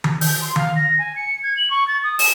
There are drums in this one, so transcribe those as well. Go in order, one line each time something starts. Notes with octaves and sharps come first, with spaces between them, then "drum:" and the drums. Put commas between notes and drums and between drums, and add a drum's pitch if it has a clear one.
drum: tom D#3
G6, drum: open hi-hat
C6
F5, drum: tom D#3
A#6
G#5
C#7
G#6
F#7
C#6
A6
D#6
E7, drum: open hi-hat